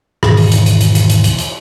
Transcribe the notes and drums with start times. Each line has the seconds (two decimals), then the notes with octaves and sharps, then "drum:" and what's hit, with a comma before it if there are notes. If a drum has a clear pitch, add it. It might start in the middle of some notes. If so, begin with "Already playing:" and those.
0.23 E2 G#2 B2 D#3 E3, drum: rim click
0.37 drum: open hi-hat
0.52 drum: hi-hat
0.66 drum: hi-hat
0.81 drum: hi-hat
0.95 drum: hi-hat
1.10 drum: hi-hat
1.24 drum: hi-hat
1.39 drum: hi-hat